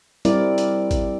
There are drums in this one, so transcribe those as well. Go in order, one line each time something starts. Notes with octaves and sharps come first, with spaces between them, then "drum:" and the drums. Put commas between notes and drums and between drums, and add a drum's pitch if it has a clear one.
G3 C4 E4 A#4 D5, drum: hi-hat
drum: hi-hat
drum: kick A1, hi-hat